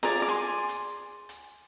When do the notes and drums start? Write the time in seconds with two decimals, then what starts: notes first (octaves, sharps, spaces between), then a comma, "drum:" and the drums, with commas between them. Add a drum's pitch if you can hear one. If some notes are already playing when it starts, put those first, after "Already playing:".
0.03 G#4 D5 A#5 D6, drum: snare F4
0.22 D6
0.28 G#5 C6
0.69 drum: hi-hat
1.29 drum: hi-hat